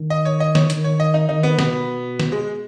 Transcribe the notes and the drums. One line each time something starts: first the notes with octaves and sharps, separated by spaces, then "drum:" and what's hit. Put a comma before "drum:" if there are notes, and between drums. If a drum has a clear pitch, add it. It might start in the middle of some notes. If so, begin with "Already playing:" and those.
Already playing: D#3
D#5
C#5
D#5
C#5, drum: snare
D#3, drum: hi-hat
C#5
D#5
D#4
D#3 D#4
B3
B2 B3, drum: snare
drum: snare
G#3